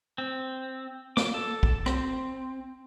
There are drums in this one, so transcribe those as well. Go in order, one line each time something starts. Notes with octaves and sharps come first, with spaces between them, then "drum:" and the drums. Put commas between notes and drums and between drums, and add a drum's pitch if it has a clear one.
C4
D6, drum: snare
A4
drum: kick
C4, drum: rim click